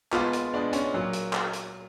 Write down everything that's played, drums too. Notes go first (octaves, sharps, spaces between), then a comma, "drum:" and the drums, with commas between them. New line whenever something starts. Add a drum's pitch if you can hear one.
B2 G#3 B3 F4, drum: clap
drum: hi-hat
B2 G#3 B3 D4
C#4, drum: hi-hat
A#2 F#3 A#3
drum: hi-hat
drum: clap
drum: hi-hat